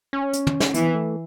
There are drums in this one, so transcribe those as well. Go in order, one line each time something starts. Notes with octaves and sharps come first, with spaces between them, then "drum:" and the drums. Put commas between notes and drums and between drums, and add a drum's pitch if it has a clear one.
C#4
drum: hi-hat
drum: tom
drum: snare
E3 B3, drum: hi-hat
A3